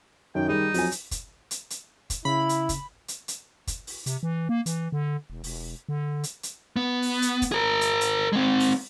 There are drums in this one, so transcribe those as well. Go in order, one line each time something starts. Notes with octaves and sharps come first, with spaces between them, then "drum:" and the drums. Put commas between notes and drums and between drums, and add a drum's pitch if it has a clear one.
F#2 D#3 G5
G3 D#4 G#4
F2 F#3 G#5, drum: open hi-hat
drum: hi-hat
drum: kick, hi-hat
drum: hi-hat
drum: hi-hat
drum: kick, hi-hat
C#3 E4 B5
drum: hi-hat
drum: kick, hi-hat
drum: hi-hat
drum: hi-hat
drum: kick, hi-hat
drum: open hi-hat
C3, drum: hi-hat
E3
A#3
E3, drum: hi-hat
D3
E1
E1, drum: open hi-hat
D3
drum: hi-hat
drum: hi-hat
B3
drum: open hi-hat
drum: hi-hat
drum: kick, hi-hat
G#4 A#4
drum: hi-hat
drum: hi-hat
G#3 C4
drum: open hi-hat